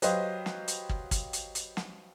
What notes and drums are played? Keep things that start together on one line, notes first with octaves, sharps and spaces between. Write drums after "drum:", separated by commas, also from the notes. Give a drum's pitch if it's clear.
F#3 G4 B4 C5 D#5 F5, drum: hi-hat
drum: snare
drum: hi-hat
drum: kick
drum: kick, hi-hat
drum: hi-hat
drum: hi-hat
drum: snare